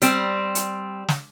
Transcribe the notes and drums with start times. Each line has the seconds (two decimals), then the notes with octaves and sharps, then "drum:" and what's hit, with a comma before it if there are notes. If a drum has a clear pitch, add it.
0.02 G3 C4, drum: hi-hat
0.55 drum: hi-hat
1.08 drum: snare